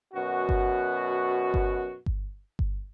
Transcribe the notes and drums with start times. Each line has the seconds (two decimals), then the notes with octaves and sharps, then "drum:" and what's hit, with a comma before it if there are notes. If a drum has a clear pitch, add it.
0.14 F#2 B2 F#4
0.49 drum: kick G1
1.54 drum: kick G1
2.06 drum: kick G1
2.59 drum: kick G1